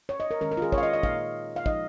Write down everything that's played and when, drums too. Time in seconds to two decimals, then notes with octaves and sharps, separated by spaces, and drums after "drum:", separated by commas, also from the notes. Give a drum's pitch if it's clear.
0.09 C#5
0.20 D#5
0.31 A#4
0.41 D#3 G#3 C#4 A#4
0.51 A#4
0.57 F4
0.62 G#4
0.72 C#5, drum: kick
0.78 F5
0.83 D#5
0.93 D#5
1.03 A#2 A#3 D#4 F5, drum: kick
1.56 F5
1.66 F3 G#3 D#4 D#5, drum: kick